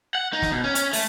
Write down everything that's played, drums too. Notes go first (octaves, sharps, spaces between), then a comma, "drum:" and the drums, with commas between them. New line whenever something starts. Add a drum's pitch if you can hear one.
F#5
D#4
drum: snare
B2
C#4
C#4, drum: hi-hat
A3, drum: open hi-hat